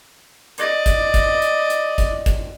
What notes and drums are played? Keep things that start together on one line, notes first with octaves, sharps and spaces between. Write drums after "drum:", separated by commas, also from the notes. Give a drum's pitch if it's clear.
D5 D#5, drum: hi-hat
drum: kick, hi-hat
drum: kick, hi-hat
drum: hi-hat
drum: hi-hat
drum: kick, hi-hat
drum: kick, hi-hat